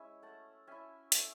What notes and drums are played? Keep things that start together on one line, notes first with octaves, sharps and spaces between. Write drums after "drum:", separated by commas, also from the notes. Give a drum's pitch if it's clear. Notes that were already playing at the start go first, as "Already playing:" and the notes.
Already playing: G#3 C#4 E4 C#5 E5 G#5
A3 F#5 A5
C#4 E4 E5 G#5
A3 E5 G#5, drum: hi-hat